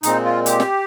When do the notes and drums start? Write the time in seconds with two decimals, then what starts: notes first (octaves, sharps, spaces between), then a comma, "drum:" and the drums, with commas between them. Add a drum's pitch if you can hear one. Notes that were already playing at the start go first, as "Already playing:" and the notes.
0.03 A#2 G#3 C4 D#4, drum: hi-hat
0.25 F4
0.46 G4, drum: hi-hat
0.60 drum: snare